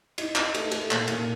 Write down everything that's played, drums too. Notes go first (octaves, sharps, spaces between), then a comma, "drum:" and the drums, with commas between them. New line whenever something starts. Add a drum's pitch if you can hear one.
D#4, drum: cymbal
D#4, drum: clap
A3, drum: cymbal
A3, drum: cymbal
A#2, drum: clap
A#2, drum: cymbal